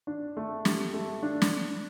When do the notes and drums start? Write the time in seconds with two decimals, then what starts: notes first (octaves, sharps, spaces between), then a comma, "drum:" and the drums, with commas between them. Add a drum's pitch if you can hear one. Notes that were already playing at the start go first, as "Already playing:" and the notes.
0.07 D4
0.37 A3
0.65 G4, drum: snare
0.94 A3
1.23 D4
1.42 drum: snare